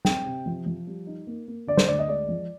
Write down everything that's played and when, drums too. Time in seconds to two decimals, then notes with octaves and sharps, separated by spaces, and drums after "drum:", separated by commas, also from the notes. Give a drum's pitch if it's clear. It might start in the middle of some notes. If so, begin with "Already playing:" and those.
0.05 C4 G5, drum: snare
0.26 C3
0.46 F3
0.66 F3
0.87 G3
1.07 D#4
1.27 A#3
1.48 A#3
1.67 D3 D5
1.77 C5, drum: snare
1.88 D2 D5
1.99 D#5
2.08 G#3 D5
2.29 F3